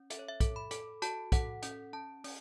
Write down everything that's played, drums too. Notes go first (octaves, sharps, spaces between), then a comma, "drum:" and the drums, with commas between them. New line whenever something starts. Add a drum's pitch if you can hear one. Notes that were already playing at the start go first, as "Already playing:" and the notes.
Already playing: C#4
A4 E5, drum: hi-hat
C#5
E5
A4, drum: kick, hi-hat
B5
A4, drum: hi-hat
F#4 A5, drum: hi-hat
A4 F#5, drum: kick, hi-hat
C#4 F#5, drum: hi-hat
C#4 A5
C#4, drum: open hi-hat